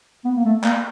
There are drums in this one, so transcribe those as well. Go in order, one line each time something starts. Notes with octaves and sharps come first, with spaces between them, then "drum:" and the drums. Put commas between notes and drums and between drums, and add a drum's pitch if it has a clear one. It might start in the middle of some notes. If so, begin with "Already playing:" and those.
B3
A#3
A3
A#3, drum: clap